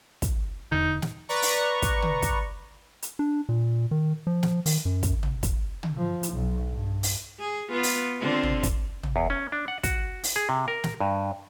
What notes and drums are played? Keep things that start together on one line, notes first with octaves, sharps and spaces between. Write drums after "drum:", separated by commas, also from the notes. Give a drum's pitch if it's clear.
drum: kick, hi-hat
D#1 E2 D3 D#4
drum: snare
B4 D5 A#5 C#6
drum: open hi-hat
drum: kick, hi-hat
drum: tom
drum: kick, hi-hat
drum: hi-hat
D4
A#2
D#3
F3
drum: snare
D#3, drum: open hi-hat
F#2
drum: kick, hi-hat
drum: tom
drum: kick, hi-hat
drum: tom
F3
drum: hi-hat
B1
G2
drum: open hi-hat
G#4
B3 F4
drum: open hi-hat
D3 C4 F4
drum: tom
drum: kick, hi-hat
drum: tom
E2
C#4
D4
F#5
F#4, drum: kick, hi-hat
drum: open hi-hat
G#4
C3
A#4
drum: snare
G2